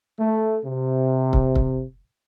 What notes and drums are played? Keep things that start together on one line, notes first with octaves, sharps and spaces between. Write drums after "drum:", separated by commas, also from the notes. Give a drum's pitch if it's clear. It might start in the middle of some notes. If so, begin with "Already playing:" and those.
A3
C3
drum: kick
drum: kick